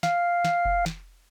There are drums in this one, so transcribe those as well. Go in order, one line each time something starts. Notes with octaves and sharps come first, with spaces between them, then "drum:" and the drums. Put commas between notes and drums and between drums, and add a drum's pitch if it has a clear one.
F5, drum: snare
drum: snare
drum: kick F1
drum: snare